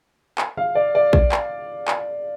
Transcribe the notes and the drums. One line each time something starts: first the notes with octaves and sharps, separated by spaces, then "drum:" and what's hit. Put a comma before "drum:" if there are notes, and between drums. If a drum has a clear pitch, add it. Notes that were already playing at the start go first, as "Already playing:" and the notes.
drum: clap
F5
D5
D5
drum: kick
drum: clap
drum: clap